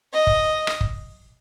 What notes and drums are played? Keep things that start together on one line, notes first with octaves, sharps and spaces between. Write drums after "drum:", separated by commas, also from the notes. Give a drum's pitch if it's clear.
D#5
drum: kick
drum: rim click
drum: kick